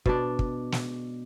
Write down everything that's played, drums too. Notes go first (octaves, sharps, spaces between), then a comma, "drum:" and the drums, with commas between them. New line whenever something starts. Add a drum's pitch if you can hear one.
B2 D4, drum: kick
drum: kick
drum: snare